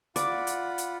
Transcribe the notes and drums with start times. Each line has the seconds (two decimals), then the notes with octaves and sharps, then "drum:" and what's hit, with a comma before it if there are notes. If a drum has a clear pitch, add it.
0.16 F4 D5 F#5 B5, drum: hi-hat
0.47 drum: hi-hat
0.78 drum: hi-hat